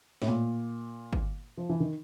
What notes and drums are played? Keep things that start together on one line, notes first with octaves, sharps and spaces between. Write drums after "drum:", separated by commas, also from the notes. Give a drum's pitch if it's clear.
A2, drum: snare
A#2
drum: kick
F3
E3
D#3